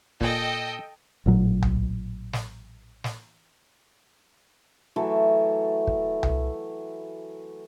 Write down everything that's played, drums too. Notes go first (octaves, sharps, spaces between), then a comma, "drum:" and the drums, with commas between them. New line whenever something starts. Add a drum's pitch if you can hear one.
A#2 A4 D#5 G5 G#5, drum: kick
A1 A#2 F#3
drum: tom C2
drum: snare
drum: snare
E3 F#3 A3 A4
drum: kick
drum: tom C2